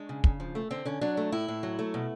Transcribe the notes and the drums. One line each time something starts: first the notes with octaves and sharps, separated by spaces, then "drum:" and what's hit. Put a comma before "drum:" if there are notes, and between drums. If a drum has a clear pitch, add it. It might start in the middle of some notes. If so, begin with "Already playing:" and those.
Already playing: G#3 D4
C#3
C#3, drum: kick
F3
A3
D3 C4
D3 C#4
F#3 D4
A3
A2 E4
A2
F#3
A3
B2